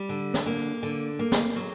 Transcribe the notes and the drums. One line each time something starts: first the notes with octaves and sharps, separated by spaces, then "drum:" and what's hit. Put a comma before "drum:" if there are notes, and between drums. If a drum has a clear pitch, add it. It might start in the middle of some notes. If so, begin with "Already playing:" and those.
Already playing: G3
D3
drum: snare
A#3
D3
A#3
drum: snare
F#3